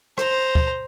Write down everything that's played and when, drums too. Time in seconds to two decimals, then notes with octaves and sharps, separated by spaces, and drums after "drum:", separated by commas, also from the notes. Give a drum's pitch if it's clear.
0.18 C5 A#5, drum: rim click
0.55 drum: kick